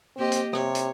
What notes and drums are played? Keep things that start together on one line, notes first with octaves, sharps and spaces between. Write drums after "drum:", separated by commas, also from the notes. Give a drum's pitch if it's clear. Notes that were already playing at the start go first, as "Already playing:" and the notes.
A#3 C4 G4 D#5
drum: hi-hat
C3 C#5, drum: rim click
drum: hi-hat